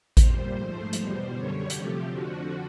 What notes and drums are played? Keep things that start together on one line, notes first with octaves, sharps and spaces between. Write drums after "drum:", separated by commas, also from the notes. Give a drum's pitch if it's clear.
A#2 G3 C5, drum: kick A1, hi-hat
G#2 F3 A3
E2 B2 G3 C5, drum: hi-hat
F#2 D3 G3 C#5
C3 F3 A3 G4, drum: hi-hat
F2 D3 F3 F#4